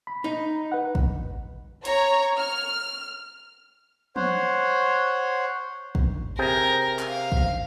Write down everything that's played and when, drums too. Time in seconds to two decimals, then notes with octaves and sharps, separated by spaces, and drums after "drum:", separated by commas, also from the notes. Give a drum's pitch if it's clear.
0.07 B5
0.24 D#4
0.72 B4 F#5
0.95 drum: kick
1.85 C#5 A#5, drum: hi-hat
2.38 F6
4.16 C5 C#5 F#5, drum: tom
5.95 drum: kick
6.39 C3 G#4 A#4 G5
6.99 drum: clap
7.09 F5
7.32 drum: kick